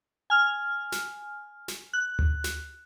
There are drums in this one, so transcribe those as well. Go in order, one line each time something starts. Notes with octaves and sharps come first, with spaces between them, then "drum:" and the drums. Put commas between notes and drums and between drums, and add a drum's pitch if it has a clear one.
G#5 F6
drum: snare
drum: snare
F#6
drum: tom D2
drum: snare